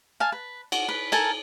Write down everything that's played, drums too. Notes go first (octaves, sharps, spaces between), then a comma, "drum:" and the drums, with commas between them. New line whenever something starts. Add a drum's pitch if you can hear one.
F5 G#5 A5
B4
F#4, drum: cymbal
B4
A4 A#4 G#5 A5, drum: cymbal